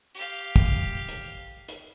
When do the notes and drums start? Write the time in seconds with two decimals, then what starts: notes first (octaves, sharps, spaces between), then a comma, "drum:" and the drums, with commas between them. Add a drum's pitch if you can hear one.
0.15 G4 F5
0.56 drum: kick
1.08 drum: hi-hat
1.68 drum: hi-hat